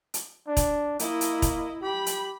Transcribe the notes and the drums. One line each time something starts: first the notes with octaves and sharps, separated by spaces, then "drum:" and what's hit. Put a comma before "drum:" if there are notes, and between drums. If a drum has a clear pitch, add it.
drum: hi-hat
D4
drum: kick E1, hi-hat
A#3 E4 D#5, drum: hi-hat
drum: hi-hat
drum: kick E1, hi-hat
G4 B5
drum: hi-hat